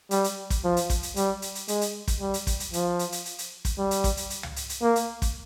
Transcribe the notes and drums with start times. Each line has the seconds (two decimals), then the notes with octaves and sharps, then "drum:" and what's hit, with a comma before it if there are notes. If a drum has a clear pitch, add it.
0.11 G3, drum: hi-hat
0.24 drum: hi-hat
0.50 drum: kick, hi-hat
0.64 F3
0.77 drum: hi-hat
0.90 drum: kick, hi-hat
1.03 drum: hi-hat
1.16 G3, drum: hi-hat
1.42 drum: hi-hat
1.55 drum: hi-hat
1.68 G#3, drum: hi-hat
1.81 drum: hi-hat
2.08 drum: kick, hi-hat
2.20 G3
2.34 drum: hi-hat
2.47 drum: kick, hi-hat
2.60 drum: hi-hat
2.73 F3, drum: hi-hat
2.99 drum: hi-hat
3.12 drum: hi-hat
3.25 drum: hi-hat
3.38 drum: hi-hat
3.65 drum: kick, hi-hat
3.78 G3
3.91 drum: hi-hat
4.04 drum: kick, hi-hat
4.17 drum: hi-hat
4.30 drum: hi-hat
4.43 drum: tom
4.56 drum: hi-hat
4.69 drum: hi-hat
4.82 A#3
4.96 drum: hi-hat
5.22 drum: kick, hi-hat